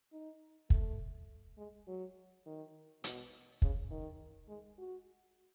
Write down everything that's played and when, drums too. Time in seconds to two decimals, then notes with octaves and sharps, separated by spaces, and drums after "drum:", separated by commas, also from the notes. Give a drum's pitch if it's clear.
0.12 D#4
0.70 A3, drum: kick
1.57 G#3
1.87 F#3
2.46 D#3
3.04 B2, drum: hi-hat
3.62 C#3, drum: kick
3.91 D#3
4.48 G#3
4.78 F#4